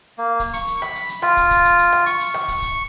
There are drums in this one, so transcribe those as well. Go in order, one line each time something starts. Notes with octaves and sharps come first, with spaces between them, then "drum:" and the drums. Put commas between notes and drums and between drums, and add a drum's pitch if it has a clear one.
A#3
drum: kick, hi-hat
C#6, drum: hi-hat
drum: hi-hat
B5, drum: rim click
drum: hi-hat
drum: hi-hat
F4, drum: rim click
drum: kick, hi-hat
drum: kick, hi-hat
drum: hi-hat
drum: hi-hat
drum: rim click
C#6, drum: hi-hat
drum: hi-hat
drum: rim click
drum: kick, hi-hat
drum: kick, hi-hat